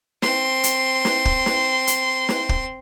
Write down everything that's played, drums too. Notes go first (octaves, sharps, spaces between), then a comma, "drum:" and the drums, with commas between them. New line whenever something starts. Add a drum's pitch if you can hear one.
C4 C6, drum: snare
drum: hi-hat
drum: snare
drum: kick
drum: snare
drum: hi-hat
drum: snare
drum: kick